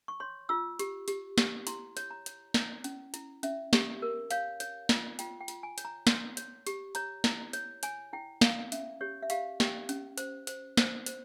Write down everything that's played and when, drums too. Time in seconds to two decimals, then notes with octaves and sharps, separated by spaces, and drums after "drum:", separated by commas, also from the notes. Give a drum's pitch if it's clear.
0.08 C#6
0.20 C#5 C6
0.49 F4 E6
0.79 G4, drum: hi-hat
1.08 G4, drum: hi-hat
1.38 G4, drum: snare
1.67 E4 C6, drum: hi-hat
1.97 C#5, drum: hi-hat
2.11 A#5
2.26 C#5, drum: hi-hat
2.54 E4 C#5, drum: snare
2.84 C#4, drum: hi-hat
3.14 E4, drum: hi-hat
3.43 C#4 E5, drum: hi-hat
3.73 G4, drum: snare
4.02 A#4
4.31 C#5 F5, drum: hi-hat
4.60 C#5, drum: hi-hat
4.89 F4, drum: snare
5.19 F4 G5, drum: hi-hat
5.41 G5
5.48 F4, drum: hi-hat
5.63 G#5
5.78 C#5, drum: hi-hat
5.85 A#5
6.07 C#5 C6, drum: snare
6.37 C#5, drum: hi-hat
6.67 G4, drum: hi-hat
6.95 C#5 A#5, drum: hi-hat
7.24 E4, drum: snare
7.53 C#5, drum: hi-hat
7.83 C#5 G#5, drum: hi-hat
8.13 E4 G5
8.41 E4 F5, drum: snare
8.72 C#4 E5, drum: hi-hat
9.01 G4 C#5
9.22 E5
9.30 G4 F5, drum: hi-hat
9.60 G4 G5, drum: snare
9.89 C#4, drum: hi-hat
10.18 C5, drum: hi-hat
10.47 C5, drum: hi-hat
10.77 C5, drum: snare
11.06 C5, drum: hi-hat